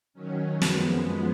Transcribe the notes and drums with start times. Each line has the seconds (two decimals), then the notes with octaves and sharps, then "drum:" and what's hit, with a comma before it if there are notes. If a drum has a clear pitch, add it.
0.14 D#3 F#3 C#4
0.62 F#2 F3 G#3 B3, drum: snare